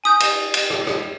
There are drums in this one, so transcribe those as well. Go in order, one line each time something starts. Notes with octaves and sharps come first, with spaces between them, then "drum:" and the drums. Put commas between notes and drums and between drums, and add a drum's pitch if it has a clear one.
G#5 D#6 G6
drum: cymbal
drum: cymbal
drum: rim click
drum: rim click